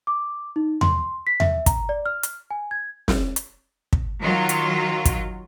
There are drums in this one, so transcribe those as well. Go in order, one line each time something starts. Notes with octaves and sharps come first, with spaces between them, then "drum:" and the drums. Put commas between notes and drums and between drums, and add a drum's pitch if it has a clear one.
D6
D#4
C6, drum: tom E2
B6
E5, drum: tom E2
A#5, drum: kick, hi-hat
D5
F6
drum: hi-hat
G#5
G#6
drum: snare
drum: hi-hat
drum: kick
D#3 F#3 F4
drum: hi-hat
drum: kick, hi-hat